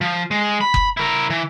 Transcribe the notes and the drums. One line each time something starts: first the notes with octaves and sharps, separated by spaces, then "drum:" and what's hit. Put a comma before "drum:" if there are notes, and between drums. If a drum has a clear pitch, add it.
F3
G#3
B5
drum: kick F#1
E4 A#4
E3